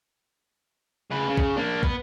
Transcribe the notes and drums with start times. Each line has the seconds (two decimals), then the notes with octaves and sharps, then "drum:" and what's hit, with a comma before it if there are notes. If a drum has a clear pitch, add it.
1.11 C#3 B4
1.28 C#3
1.37 drum: kick
1.56 A#3 D4
1.83 B3 B4, drum: kick